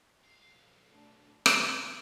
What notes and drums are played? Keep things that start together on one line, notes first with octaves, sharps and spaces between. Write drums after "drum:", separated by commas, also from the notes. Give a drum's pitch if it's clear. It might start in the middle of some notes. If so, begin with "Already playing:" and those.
B1 F5
A3 D4
A2 C6, drum: rim click